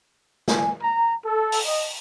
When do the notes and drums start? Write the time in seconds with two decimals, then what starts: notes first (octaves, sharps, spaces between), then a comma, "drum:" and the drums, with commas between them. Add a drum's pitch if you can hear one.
0.48 G#5, drum: snare
0.79 A#5
1.24 A4
1.52 drum: open hi-hat
1.65 D#5